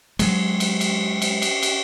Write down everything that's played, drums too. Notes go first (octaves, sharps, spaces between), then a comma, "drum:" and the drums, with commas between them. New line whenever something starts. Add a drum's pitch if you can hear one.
F#3 G#3, drum: cymbal
drum: cymbal
drum: cymbal
drum: cymbal
drum: cymbal
drum: cymbal